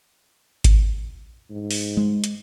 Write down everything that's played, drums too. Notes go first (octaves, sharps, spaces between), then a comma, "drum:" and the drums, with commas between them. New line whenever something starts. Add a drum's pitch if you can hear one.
drum: kick G#1, hi-hat
G#2
drum: open hi-hat
G#3
drum: hi-hat